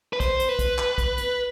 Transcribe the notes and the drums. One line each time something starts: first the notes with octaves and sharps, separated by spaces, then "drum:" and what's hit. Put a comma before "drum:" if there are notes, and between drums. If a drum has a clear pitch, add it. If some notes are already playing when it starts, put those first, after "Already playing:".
B4
C5, drum: kick, hi-hat
drum: hi-hat
B4
drum: kick, hi-hat
drum: clap
drum: kick, hi-hat
drum: hi-hat